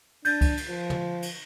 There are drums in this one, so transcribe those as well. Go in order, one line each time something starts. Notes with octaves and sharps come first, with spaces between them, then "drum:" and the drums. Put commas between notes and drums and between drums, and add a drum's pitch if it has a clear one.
D4 G6 A6, drum: cymbal
drum: kick, cymbal
drum: cymbal
F3
drum: tom
drum: cymbal